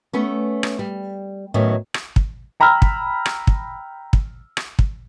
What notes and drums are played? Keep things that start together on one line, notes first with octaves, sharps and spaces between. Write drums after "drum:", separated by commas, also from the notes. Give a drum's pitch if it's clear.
A3 B3 C#4
drum: rim click
G3
A2 D#3 F#3 A3 B3 C#4
drum: rim click
drum: kick
G5 A#5 B5 E6 F6
drum: kick
drum: rim click
drum: kick
drum: kick
drum: rim click
drum: kick